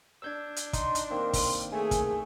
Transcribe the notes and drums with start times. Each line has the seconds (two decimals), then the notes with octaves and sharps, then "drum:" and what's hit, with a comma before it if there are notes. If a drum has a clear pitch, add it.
0.22 D4 E6 G6 G#6
0.56 drum: hi-hat
0.73 D#4 C6, drum: kick, hi-hat
0.95 drum: hi-hat
1.11 D#3 A#3 C4
1.33 drum: kick, open hi-hat
1.72 A3 G#4 G#5
1.91 drum: kick, hi-hat